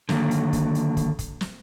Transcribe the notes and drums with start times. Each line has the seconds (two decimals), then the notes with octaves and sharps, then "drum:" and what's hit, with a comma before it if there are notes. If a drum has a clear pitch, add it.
0.09 D3 D#3 F#3 A#3, drum: snare
0.31 drum: hi-hat
0.53 drum: kick, hi-hat
0.75 drum: hi-hat
0.97 drum: kick, hi-hat
1.19 drum: kick, hi-hat
1.41 drum: snare